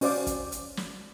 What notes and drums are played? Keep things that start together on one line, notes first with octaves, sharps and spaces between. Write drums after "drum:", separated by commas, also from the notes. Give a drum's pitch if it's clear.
C#4 F#4 C5 D5 F5 D6, drum: open hi-hat
drum: kick, hi-hat
drum: hi-hat
drum: snare